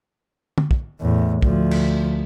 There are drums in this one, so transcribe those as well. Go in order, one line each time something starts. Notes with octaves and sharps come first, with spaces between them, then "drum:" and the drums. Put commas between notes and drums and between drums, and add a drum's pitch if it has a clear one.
drum: tom
drum: kick
E2 A2
D2 F3, drum: kick
drum: cymbal